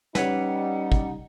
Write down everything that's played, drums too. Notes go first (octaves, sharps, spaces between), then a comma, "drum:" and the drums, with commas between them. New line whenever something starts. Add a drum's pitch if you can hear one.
G3 C#4 D#4 B4 C#5 F#5, drum: snare
drum: kick